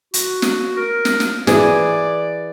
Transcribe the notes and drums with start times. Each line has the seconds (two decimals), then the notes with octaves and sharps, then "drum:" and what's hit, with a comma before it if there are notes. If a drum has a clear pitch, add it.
0.14 F#4, drum: hi-hat
0.42 drum: snare
0.77 A#4
1.05 drum: snare
1.20 drum: snare
1.47 E3 G#4 D5, drum: snare